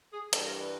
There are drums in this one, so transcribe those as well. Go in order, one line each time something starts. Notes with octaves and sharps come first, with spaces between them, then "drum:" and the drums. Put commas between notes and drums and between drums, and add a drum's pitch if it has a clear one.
G#4
G2 E3 G3 A4, drum: hi-hat
A#4
B4